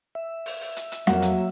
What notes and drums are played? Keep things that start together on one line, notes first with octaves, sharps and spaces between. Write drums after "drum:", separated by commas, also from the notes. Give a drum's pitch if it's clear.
E5
drum: open hi-hat
drum: open hi-hat
drum: hi-hat
drum: hi-hat
F2 F#3 A#3 F#5, drum: snare
drum: hi-hat